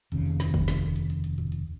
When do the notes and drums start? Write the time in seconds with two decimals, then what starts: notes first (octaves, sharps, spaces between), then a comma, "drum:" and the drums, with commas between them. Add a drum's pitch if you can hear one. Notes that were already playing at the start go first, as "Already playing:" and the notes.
0.12 F1 D#2 C#3, drum: hi-hat
0.26 drum: open hi-hat
0.40 drum: snare
0.54 drum: kick F#1, open hi-hat
0.68 drum: snare
0.82 drum: hi-hat
0.96 drum: hi-hat
1.10 drum: hi-hat
1.24 drum: hi-hat
1.38 drum: tom A2
1.52 drum: hi-hat